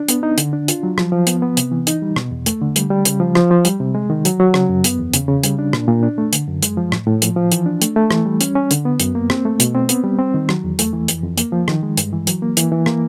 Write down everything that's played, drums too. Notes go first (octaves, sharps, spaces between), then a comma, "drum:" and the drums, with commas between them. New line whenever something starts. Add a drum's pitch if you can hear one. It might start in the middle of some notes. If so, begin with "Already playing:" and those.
Already playing: D4
B3, drum: hi-hat
D#4
D3, drum: hi-hat
D4
F4, drum: hi-hat
F#3
F3, drum: rim click
F3
B3, drum: hi-hat
B3
C3, drum: hi-hat
E3
D#4, drum: hi-hat
G3
B2, drum: rim click
E2
A3, drum: hi-hat
D3
G3, drum: hi-hat
G3
C#3, drum: hi-hat
F3
F3, drum: rim click
F3
G3, drum: hi-hat
C3
G#3
D#3
F#3, drum: hi-hat
F#3
C#3, drum: rim click
F#2
B3, drum: hi-hat
E2
C#3, drum: hi-hat
C#3
G3, drum: hi-hat
D4
A#2, drum: rim click
A#2
D4
A3
D3, drum: hi-hat
F#2
G#3, drum: hi-hat
F3
A2, drum: rim click
A2
F3, drum: hi-hat
F3
E3, drum: hi-hat
D4
A3, drum: hi-hat
A3
E3, drum: rim click
G3
C#4, drum: hi-hat
C#4
D3, drum: hi-hat
B3
F#2, drum: hi-hat
A#3
C4, drum: rim click
A3
B2, drum: hi-hat
C4
B3, drum: hi-hat
G3
C4
D#3
F#3, drum: rim click
E2
A3, drum: hi-hat
E3
F2, drum: hi-hat
F2
A#3, drum: hi-hat
F3
D#3, drum: rim click
G#3
G2, drum: hi-hat
E3
F#3, drum: hi-hat
A#3
E3, drum: hi-hat
E3
A#3, drum: rim click